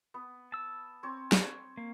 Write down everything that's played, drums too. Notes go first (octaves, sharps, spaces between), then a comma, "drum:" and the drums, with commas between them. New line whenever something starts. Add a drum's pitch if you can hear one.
B3
A5 E6
C4 C#5
drum: snare
A#3